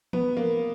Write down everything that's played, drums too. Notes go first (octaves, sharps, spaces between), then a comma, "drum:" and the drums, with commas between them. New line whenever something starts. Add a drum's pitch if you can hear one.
B3, drum: tom E3
A#3